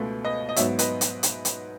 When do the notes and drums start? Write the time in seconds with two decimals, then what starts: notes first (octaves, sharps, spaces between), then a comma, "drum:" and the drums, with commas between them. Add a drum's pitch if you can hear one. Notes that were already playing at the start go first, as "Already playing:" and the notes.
Already playing: C#2 B2 A3 B4
0.24 B4 D#5
0.49 D#5
0.56 G#2 F#3 B3 C#5 E5, drum: hi-hat
0.79 B4 D#5, drum: hi-hat
1.01 drum: hi-hat
1.23 drum: hi-hat
1.45 drum: hi-hat